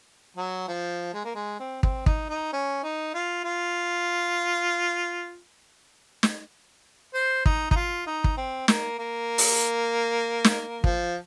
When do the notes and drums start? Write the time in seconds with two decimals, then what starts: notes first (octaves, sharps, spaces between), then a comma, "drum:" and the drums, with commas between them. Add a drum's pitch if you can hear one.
0.37 F#3
0.68 F3
1.14 G#3
1.25 A#3
1.35 G#3
1.60 C4
1.83 C4, drum: kick
2.06 D#4, drum: kick
2.30 D#4
2.53 C#4
2.84 D#4
3.14 F4
3.44 F4
6.23 drum: snare
7.15 C5
7.46 D#4, drum: kick
7.71 D#4, drum: kick
7.76 F4
8.07 D#4
8.24 drum: kick
8.37 C4
8.68 A#3, drum: snare
8.99 A#3
9.38 drum: open hi-hat
10.44 drum: snare
10.84 F3, drum: kick